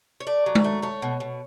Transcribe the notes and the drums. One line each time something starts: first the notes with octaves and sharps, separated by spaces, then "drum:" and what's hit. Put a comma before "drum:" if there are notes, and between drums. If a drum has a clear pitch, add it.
C#5
A3 D5
F#3
drum: tom G#3
A3
A3 C#5
B2
B2